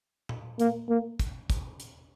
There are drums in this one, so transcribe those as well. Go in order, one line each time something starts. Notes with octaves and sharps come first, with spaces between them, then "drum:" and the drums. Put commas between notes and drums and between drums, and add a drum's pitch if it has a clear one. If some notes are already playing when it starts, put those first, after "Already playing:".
drum: tom A#2
A#3, drum: hi-hat
A#3
drum: kick, hi-hat
drum: kick, hi-hat
drum: hi-hat